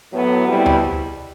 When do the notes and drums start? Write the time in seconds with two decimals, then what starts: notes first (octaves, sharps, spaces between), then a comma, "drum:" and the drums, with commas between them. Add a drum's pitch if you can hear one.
0.13 A2 F#3 B3
0.46 E2 B2 G3 C4 E4
0.66 drum: tom D2